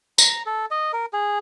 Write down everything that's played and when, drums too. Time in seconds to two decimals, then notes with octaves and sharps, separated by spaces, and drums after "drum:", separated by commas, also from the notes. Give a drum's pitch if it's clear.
0.18 A#5, drum: tambourine
0.46 A4
0.71 D#5
0.93 A#4
1.13 G#4